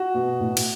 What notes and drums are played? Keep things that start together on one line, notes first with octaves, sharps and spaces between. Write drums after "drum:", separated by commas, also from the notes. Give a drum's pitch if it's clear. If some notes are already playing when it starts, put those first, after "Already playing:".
Already playing: F#4
B2
A2
drum: cymbal